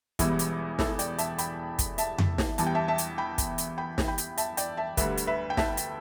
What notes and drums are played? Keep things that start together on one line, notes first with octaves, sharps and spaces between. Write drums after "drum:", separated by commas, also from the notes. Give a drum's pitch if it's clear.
E1 E2 E3 G3 E4, drum: kick, hi-hat
drum: hi-hat
E4 A4, drum: snare
D5 G5, drum: hi-hat
E5 A5, drum: hi-hat
G5 B5, drum: hi-hat
drum: kick, hi-hat
E5 A5, drum: hi-hat
drum: tom F2
drum: snare
E2 E3 G3 A5, drum: hi-hat
G5
E5 A5
E5 A5
drum: hi-hat
G5 B5
drum: kick, hi-hat
drum: hi-hat
G5 B5
drum: snare
G5 B5
drum: hi-hat
E5 A5, drum: hi-hat
D5 G5, drum: hi-hat
E5 A5
D2 D3 G3 B4 E5, drum: kick, hi-hat
drum: hi-hat
B4 E5
G5
E5 A5, drum: snare
drum: hi-hat